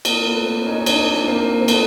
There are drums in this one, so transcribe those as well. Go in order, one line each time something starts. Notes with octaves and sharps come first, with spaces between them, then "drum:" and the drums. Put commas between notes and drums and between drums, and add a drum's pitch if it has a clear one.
A#3 C4, drum: cymbal
A3 B3
A#3 C4
C#4 D#4
D#4
C4 D4, drum: cymbal
drum: snare
A#3 C4
C4
A3 B3, drum: cymbal